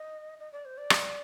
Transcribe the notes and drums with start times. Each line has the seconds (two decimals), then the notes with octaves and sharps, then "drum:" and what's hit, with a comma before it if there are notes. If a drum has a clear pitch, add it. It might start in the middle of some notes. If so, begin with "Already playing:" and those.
Already playing: D#5
0.39 D#5
0.52 D5
0.65 C5
0.78 D5
0.90 drum: rim click